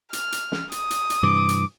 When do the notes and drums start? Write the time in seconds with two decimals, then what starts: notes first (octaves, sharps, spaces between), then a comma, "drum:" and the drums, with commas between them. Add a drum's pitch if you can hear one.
0.13 F6, drum: hi-hat
0.32 drum: hi-hat
0.52 drum: snare
0.72 D#6, drum: hi-hat
0.90 drum: hi-hat
1.10 drum: hi-hat
1.23 G2 C3 E3 D6
1.49 drum: hi-hat